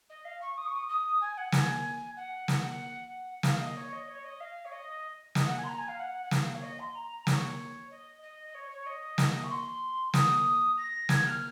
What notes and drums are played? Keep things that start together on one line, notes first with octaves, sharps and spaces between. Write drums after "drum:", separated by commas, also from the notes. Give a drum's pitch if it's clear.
D#5
F5
C#6
D#6
C#6
D#6
D#6
G#5
F#5
G#5, drum: snare
F#5
drum: snare
F5, drum: snare
D#5
C#5
D#5
C#5
D#5
F5
C#5
D#5
D#5, drum: snare
F#5
G#5
C6
A#5
G#5
F5
F#5
F#5
F5, drum: snare
C#5
D#5
C6
A#5
C#5, drum: snare
D#5
D#5
D#5
C#5
C#5
D#5
drum: snare
C#6
C6
D#6, drum: snare
A#6
G#6, drum: snare
F6